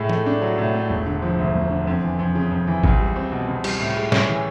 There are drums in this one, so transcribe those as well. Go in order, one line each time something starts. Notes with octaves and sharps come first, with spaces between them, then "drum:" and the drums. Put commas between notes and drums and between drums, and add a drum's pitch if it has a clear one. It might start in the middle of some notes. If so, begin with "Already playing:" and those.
Already playing: A2 G#3
A3, drum: tom E3
D4
F#3
A2
A3
E1
D3
F3
D2
E1
D3
F2
E3
F2
C#3
F2
E3
C#2, drum: kick G#1
G3
C4
B2
C#2
G3, drum: cymbal
A2
G#3
C#4, drum: snare
E3